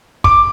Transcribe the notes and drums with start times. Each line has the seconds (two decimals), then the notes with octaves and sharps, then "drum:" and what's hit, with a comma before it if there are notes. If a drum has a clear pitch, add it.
0.24 D6, drum: kick